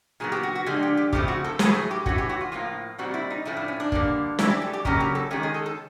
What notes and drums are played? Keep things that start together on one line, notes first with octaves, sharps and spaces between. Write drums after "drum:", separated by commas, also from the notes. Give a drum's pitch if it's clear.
A#2 F#3 B3 G#4
G4
F#4
F#4
D3 F3 G#3 G4
G4
G4
C#3 F3 A3 C4 G4, drum: kick G1
F#4
A4
A2 F#3 A3 G#4, drum: snare
G#4
G4
E3 A3 C#4 F#4, drum: kick G1
G4
F#4
F4
A2 F3 A#3 F4
A#2 G3 C4 F#4
E4
D#4
A2 F3 A3 C#4 E4
D4
C#4
D4
D3 G3 A#3, drum: kick G1
E3 G3 A#3 C#4 E4, drum: snare
G4
A4
G4
C#3 F#3 A#3 C#4 G4, drum: kick G1
G4
A4
D#3 G#3 C#4 G4
G#4
A4
A4